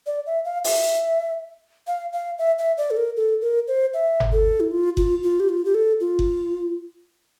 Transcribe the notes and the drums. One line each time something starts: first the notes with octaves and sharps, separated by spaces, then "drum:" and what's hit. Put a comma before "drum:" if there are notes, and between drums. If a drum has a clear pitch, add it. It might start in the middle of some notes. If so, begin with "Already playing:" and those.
D5
E5
F5
E5, drum: open hi-hat
F5
F5
E5
E5
D5
A4
A#4
A4
A#4
C5
E5
drum: tom G1
A4
E4
F4
F4, drum: kick F#1
F4
G4
F4
G4
A4
F4
drum: kick F#1